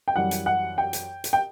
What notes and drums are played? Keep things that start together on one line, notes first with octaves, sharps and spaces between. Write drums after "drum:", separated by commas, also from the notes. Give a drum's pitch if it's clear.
G5
F#2 E3 G3 F#5
drum: hi-hat
F#5
G5
drum: hi-hat
drum: hi-hat
G5